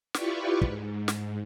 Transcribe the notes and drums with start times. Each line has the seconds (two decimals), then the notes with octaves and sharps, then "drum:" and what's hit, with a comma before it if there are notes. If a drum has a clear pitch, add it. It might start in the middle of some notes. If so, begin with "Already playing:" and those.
0.14 E4 F4 G4 B4 D5 C#6, drum: snare
0.61 G#2, drum: kick
1.08 drum: snare